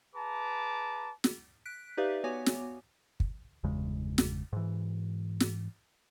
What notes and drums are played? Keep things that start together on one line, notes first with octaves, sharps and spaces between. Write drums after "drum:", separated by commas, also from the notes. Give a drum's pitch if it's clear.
G#4 B4 A5 A#5 D6
drum: snare
F#6 B6 D7
D#4 G4 B4 D5 E5 F5
B3 F#4 C#5 G#5 D6
drum: snare
drum: kick
G1 E2 C#3 G#3
drum: snare
G#2 E3
drum: snare